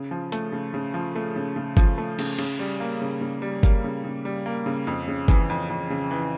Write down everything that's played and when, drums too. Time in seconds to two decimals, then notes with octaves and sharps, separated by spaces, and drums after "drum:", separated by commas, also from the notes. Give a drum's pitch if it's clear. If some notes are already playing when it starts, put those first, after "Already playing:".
Already playing: C#3
0.11 F3
0.32 A3, drum: hi-hat
0.52 C#3
0.74 C#3
0.94 F3
1.16 A3
1.36 C#3
1.56 C#3
1.77 F3, drum: kick G1
1.98 A3
2.19 C#3, drum: cymbal
2.38 C#3, drum: cymbal
2.59 G3
2.80 A#3
3.02 C#3
3.21 C#3
3.42 G3
3.63 A#3, drum: kick G1
3.84 C#3
4.04 C#3
4.25 G3
4.46 A#3
4.66 C#3
4.87 F2
5.08 C#3
5.28 E3, drum: kick G1
5.50 F2
5.70 F2
5.90 C#3
6.11 E3